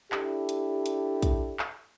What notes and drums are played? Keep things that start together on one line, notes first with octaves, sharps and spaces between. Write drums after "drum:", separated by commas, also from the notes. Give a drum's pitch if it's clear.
D4 E4 G4 A4, drum: clap
drum: hi-hat
drum: hi-hat
drum: kick, hi-hat
drum: clap